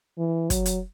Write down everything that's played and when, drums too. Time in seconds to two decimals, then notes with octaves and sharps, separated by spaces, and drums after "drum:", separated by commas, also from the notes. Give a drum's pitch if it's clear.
0.18 E3
0.50 F#3, drum: kick, hi-hat
0.66 drum: hi-hat